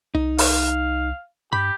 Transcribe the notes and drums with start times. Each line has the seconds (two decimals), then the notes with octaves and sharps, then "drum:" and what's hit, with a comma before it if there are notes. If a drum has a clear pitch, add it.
0.15 C2 D#4
0.38 F5, drum: open hi-hat
1.53 G2 G4 B5